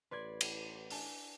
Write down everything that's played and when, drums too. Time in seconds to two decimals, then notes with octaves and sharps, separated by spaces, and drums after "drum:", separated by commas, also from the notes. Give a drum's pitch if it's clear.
0.11 A1 B4 D5 C6 G#6
0.41 drum: cymbal
0.90 D4 G#5 A5, drum: open hi-hat